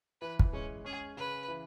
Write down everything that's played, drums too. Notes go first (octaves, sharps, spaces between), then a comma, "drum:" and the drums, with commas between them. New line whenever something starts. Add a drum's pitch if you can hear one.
E3 B4
drum: kick
G#3 C#4
C#4 G#4
C#3 B4
E3